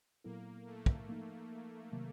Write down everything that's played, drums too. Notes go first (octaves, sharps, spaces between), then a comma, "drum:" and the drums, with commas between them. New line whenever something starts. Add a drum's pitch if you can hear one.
A#2 F#3 A#3 B3 E4 A4
A3
drum: kick
F3 A#3 D#4
C3 D#3 F#3 A#3